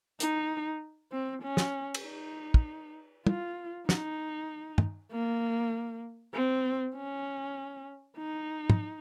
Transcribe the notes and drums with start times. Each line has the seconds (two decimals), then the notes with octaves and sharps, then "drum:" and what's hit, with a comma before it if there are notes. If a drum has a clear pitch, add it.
0.20 D#4, drum: hi-hat
1.12 C4
1.43 C#4
1.57 drum: snare
1.94 drum: cymbal
2.04 D#4
2.54 drum: kick
3.27 F4, drum: tom
3.89 D#4, drum: snare
4.78 drum: tom
5.12 A#3
6.34 C4
6.96 C#4
8.18 D#4
8.70 drum: tom